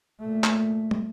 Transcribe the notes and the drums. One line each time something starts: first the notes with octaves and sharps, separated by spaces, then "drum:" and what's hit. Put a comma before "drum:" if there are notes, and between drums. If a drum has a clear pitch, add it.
A#2 A3
drum: clap
drum: tom